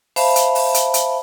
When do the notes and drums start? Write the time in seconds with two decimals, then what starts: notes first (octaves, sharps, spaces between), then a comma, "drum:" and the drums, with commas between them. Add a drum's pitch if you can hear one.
0.16 C5 E5 F5 A5 B5, drum: open hi-hat
0.36 drum: hi-hat
0.55 drum: open hi-hat
0.74 drum: hi-hat
0.94 drum: hi-hat